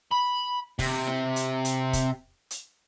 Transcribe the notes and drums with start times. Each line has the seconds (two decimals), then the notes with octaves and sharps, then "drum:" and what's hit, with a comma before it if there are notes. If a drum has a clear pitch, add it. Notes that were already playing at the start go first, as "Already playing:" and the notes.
0.11 B5
0.79 C3, drum: kick, open hi-hat
1.07 drum: snare E4
1.36 drum: hi-hat
1.65 drum: hi-hat
1.93 drum: kick, hi-hat
2.51 drum: hi-hat